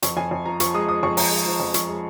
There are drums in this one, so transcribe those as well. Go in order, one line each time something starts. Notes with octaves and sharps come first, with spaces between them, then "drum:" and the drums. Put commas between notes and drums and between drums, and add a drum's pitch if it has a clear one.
F2 C#6, drum: hi-hat
F2 G#5
F2
F3 A#5
F3 C#6, drum: hi-hat
G#3 D#6
F3 D#6
F2 C#6
F2 A#5, drum: open hi-hat
G#3
F3
F2
F3 C#6, drum: hi-hat
G#3